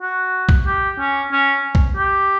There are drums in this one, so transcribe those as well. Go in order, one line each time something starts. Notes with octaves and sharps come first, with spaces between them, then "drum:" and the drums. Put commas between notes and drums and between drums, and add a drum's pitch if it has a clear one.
F#4
drum: kick B1
G4
C#4
C#4
drum: kick B1
G4